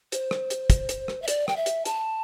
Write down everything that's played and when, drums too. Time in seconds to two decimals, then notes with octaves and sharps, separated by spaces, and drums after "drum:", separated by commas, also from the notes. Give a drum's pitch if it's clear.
0.12 C5, drum: hi-hat
0.31 drum: rim click
0.50 drum: hi-hat
0.70 drum: kick, hi-hat
0.89 drum: hi-hat
1.08 drum: rim click
1.22 E5
1.28 D5, drum: hi-hat
1.48 G5, drum: rim click
1.57 E5
1.66 drum: hi-hat
1.85 A5, drum: hi-hat